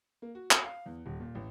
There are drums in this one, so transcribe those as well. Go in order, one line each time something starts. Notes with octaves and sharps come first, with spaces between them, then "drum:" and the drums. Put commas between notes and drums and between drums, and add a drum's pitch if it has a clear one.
A#3
F#4
drum: clap
F5
E2
D#1
A#2
A1